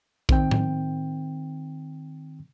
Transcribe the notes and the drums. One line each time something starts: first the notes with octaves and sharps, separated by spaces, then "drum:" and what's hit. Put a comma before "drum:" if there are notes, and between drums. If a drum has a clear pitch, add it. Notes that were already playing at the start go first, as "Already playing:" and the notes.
D#3 C4 G5, drum: kick A#1
drum: tom A2